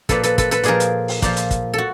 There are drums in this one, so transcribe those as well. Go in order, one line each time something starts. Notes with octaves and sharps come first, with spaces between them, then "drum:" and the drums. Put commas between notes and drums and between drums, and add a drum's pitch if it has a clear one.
A#2 F3 A4 B4, drum: kick, hi-hat
A4 B4, drum: hi-hat
A4 B4, drum: kick, hi-hat
A4 B4, drum: hi-hat
A#2 F3 G#4 A#4, drum: hi-hat
drum: hi-hat
drum: open hi-hat
A#2 F3, drum: kick, hi-hat
drum: hi-hat
drum: kick, hi-hat
F#4 A4